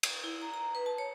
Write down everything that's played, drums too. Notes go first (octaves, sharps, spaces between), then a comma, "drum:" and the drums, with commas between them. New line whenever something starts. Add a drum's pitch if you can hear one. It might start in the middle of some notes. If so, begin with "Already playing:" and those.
drum: cymbal
E4
A#5
A#5
B4
A5
C#5